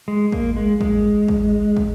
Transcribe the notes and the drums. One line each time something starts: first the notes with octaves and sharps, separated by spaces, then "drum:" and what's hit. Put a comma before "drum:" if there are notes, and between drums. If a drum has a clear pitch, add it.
G#3
A#3, drum: kick
G#3
G#3, drum: kick
drum: kick
drum: kick